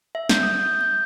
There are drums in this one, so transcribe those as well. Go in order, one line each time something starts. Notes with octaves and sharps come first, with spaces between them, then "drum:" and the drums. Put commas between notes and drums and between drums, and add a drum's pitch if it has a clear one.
E5
G6, drum: snare
D#6
G6
G6